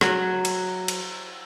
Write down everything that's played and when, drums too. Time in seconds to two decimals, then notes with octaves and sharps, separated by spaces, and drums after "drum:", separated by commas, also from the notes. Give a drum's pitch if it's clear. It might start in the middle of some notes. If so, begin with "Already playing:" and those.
0.01 F#3, drum: rim click
0.45 drum: cymbal
0.88 drum: cymbal